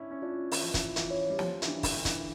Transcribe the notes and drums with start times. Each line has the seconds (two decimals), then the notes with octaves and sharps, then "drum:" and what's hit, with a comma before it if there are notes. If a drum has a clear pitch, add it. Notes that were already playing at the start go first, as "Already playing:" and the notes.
Already playing: C#4 D4 E4
0.11 C#4
0.22 D4 F4
0.52 E3 F4, drum: open hi-hat
0.63 F3
0.74 E3, drum: kick, hi-hat
0.81 F4
0.96 E3, drum: hi-hat
1.10 C#5
1.30 G3
1.39 F3 G4, drum: snare
1.62 E3, drum: hi-hat
1.68 D4
1.83 D3, drum: kick, open hi-hat
1.97 D4
2.05 E3, drum: kick, hi-hat